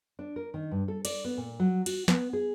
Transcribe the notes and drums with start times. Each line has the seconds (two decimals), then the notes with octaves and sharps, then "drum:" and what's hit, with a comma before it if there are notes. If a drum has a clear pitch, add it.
0.19 D4
0.36 A#4
0.54 D#3
0.71 G2
0.88 A4
1.05 D5, drum: cymbal
1.25 B3
1.37 A#2
1.60 F#3
1.86 F#4, drum: cymbal
2.08 B3, drum: snare
2.33 G#4